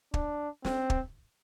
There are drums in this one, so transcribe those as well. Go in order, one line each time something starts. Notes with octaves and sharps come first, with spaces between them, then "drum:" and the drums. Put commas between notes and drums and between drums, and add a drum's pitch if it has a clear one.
D4, drum: kick
C4, drum: snare
drum: kick